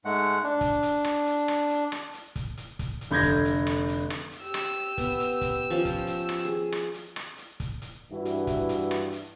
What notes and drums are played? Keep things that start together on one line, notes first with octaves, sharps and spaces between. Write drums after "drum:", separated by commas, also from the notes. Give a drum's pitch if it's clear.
G#2 G#3 A3 F#5
D4
drum: kick, hi-hat
drum: hi-hat
drum: rim click
drum: hi-hat
drum: rim click
drum: hi-hat
drum: rim click
drum: hi-hat
drum: kick, hi-hat
drum: hi-hat
drum: kick, hi-hat
drum: hi-hat
F1 D3 G6 G#6 A#6
drum: kick, hi-hat
drum: hi-hat
drum: rim click
drum: hi-hat
drum: rim click
drum: hi-hat
G4 E6
drum: rim click
B3, drum: kick, hi-hat
drum: hi-hat
drum: kick, hi-hat
F3 C#4
drum: kick, hi-hat
drum: hi-hat
drum: rim click
G#4
drum: rim click
drum: hi-hat
drum: rim click
drum: hi-hat
drum: kick, hi-hat
drum: hi-hat
G2 E3 E4 F#4
drum: hi-hat
drum: kick, hi-hat
drum: hi-hat
drum: rim click
drum: hi-hat